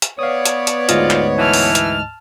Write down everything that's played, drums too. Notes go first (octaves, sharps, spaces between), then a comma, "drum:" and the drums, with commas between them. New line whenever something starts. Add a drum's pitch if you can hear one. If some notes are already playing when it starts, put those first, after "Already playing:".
drum: hi-hat
B3 C#5 D5 F5 D#6
drum: hi-hat
drum: hi-hat
D2 G#2 F4 D#5, drum: hi-hat
drum: clap
E3 A5 F6
drum: open hi-hat
drum: hi-hat